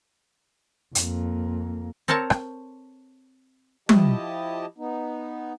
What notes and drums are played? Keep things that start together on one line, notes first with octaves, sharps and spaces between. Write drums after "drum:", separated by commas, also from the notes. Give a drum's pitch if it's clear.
F2 A#3, drum: hi-hat
C4 A4 A#4 C#5 A5
drum: rim click
F3 E4 G4 D#5 A5, drum: tom
B3 D#4